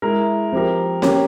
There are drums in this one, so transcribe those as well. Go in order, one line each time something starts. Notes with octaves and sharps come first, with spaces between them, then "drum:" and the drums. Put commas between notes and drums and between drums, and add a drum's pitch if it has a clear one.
G#3 E4 A#4
F3 C4 G4 A#4
A#3 C#4 G4, drum: snare C4